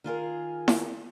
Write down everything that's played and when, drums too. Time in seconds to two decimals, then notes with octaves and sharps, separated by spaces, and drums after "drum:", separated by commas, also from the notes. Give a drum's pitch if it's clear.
0.04 D#3 F4 G#4 A#4
0.68 drum: snare E4